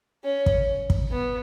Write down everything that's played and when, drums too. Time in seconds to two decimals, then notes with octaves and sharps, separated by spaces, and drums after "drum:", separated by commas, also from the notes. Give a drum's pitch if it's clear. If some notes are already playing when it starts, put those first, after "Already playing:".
0.24 C#4
0.46 drum: kick
0.90 drum: kick
1.11 B3